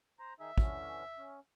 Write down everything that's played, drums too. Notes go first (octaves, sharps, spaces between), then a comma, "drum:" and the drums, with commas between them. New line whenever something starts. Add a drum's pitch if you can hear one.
C5 A#5
D#3 D#4 G#4 E5
D3 E3 C#4, drum: kick
C#4